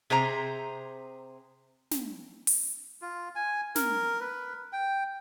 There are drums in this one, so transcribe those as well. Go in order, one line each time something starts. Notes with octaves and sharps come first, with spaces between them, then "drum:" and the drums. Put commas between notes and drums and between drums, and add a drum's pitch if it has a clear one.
C3 G#4 C5 A#5
drum: snare
drum: open hi-hat
F4
G#5
A#4, drum: snare
B4
G5